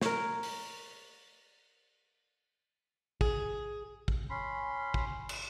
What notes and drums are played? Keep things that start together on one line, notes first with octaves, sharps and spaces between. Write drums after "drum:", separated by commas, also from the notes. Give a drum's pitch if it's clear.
A#4 C#5, drum: snare
drum: open hi-hat
G#4, drum: kick
drum: kick
C#4 B5 C6
drum: kick
drum: cymbal